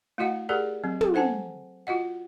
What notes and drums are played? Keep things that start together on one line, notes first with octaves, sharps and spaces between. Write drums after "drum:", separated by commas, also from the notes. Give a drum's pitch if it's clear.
A3 E4 F#4 D#5 F#5
G4 G#4 A#4 D5 F#5
F#3 C4
drum: tom
A4 C5 F#5 G#5 A5
F4 F#4 D#5 F#5